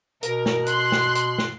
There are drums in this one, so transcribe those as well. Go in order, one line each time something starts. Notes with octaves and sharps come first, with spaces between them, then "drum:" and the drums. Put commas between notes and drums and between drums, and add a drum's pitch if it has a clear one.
B2 A#4, drum: hi-hat
drum: snare
C6 F#6, drum: hi-hat
drum: snare
drum: hi-hat
drum: snare